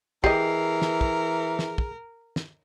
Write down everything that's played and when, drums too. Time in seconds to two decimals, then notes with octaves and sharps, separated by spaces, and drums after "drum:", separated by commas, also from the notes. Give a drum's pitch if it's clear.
0.24 E3 G4 G#4 A#4 D#5 C7, drum: kick
0.82 drum: snare
1.01 drum: kick
1.59 drum: snare
1.78 drum: kick
2.36 drum: snare